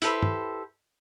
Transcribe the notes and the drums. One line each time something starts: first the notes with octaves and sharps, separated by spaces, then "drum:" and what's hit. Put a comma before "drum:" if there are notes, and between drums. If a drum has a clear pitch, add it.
E4 G4 A4 B4 C5, drum: hi-hat
drum: tom G2